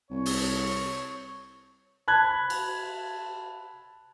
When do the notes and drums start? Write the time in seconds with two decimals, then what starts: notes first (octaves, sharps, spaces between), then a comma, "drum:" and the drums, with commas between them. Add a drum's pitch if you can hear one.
0.11 C2 C#5
0.26 drum: open hi-hat
2.08 A5 B5 F#6 G#6
2.50 drum: cymbal